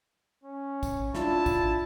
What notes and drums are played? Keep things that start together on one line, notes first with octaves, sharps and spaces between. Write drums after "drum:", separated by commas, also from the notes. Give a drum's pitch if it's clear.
C#4
drum: kick, tambourine
D4 E4 F4 A5, drum: snare
drum: kick, tambourine